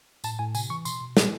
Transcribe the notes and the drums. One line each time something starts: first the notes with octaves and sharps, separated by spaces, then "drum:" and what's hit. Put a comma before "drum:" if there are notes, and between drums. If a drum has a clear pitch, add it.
A2 A5, drum: tambourine
A2 G#5
C3 G#5, drum: tambourine
E3 C#6
B2 C6, drum: tambourine
B2
A#2, drum: snare